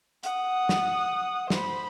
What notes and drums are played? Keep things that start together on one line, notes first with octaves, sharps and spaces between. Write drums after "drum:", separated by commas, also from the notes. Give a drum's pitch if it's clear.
F#5 D#6, drum: hi-hat
drum: snare
C5 B5, drum: snare